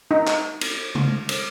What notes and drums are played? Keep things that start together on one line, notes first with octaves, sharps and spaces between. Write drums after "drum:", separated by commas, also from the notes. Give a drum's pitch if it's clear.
D#4
drum: clap
drum: cymbal
drum: tom C3
drum: cymbal